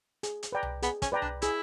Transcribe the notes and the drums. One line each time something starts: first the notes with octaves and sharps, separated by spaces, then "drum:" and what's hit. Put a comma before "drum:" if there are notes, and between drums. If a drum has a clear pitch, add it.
G#4, drum: hi-hat
drum: hi-hat
B4 D5 G5 A#5
drum: tom C2
B3 G#4, drum: hi-hat
C#4, drum: kick, hi-hat
B4 D5 G5 A#5
D4, drum: tom C2
E4 G#4, drum: hi-hat